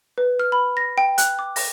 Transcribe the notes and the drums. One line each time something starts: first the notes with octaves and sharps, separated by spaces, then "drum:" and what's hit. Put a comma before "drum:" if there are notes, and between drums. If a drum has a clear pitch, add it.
B4
F6
B5
A#6
G5
F#6, drum: hi-hat
D6
A#6, drum: open hi-hat